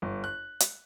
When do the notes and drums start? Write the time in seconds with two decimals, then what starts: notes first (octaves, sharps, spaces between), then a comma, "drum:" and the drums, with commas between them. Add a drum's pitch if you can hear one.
0.02 G1
0.24 F#6
0.60 drum: hi-hat